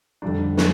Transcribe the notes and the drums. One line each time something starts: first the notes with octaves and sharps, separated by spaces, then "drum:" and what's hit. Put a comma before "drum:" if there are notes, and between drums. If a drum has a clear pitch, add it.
F2 D3 G3 D4
D3 D4, drum: snare